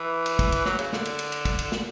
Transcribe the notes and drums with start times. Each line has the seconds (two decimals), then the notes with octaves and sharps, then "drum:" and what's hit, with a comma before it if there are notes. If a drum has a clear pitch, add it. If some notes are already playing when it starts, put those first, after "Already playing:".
Already playing: E3
0.26 drum: cymbal
0.39 drum: kick, cymbal
0.52 drum: cymbal
0.65 F#3, drum: snare
0.79 C#3, drum: cymbal
0.93 D3, drum: snare
1.06 drum: cymbal
1.19 drum: cymbal
1.32 drum: cymbal
1.45 drum: kick, cymbal
1.59 drum: cymbal
1.72 drum: snare